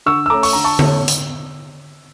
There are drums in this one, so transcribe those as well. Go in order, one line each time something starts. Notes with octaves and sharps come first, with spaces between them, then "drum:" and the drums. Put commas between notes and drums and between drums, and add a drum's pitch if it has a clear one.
D3 C#6 E6
E6
A3 C#4 A#5 D6
C#6, drum: open hi-hat
D3 A#5
A5 C#6
A3 C#4, drum: tom D3
drum: hi-hat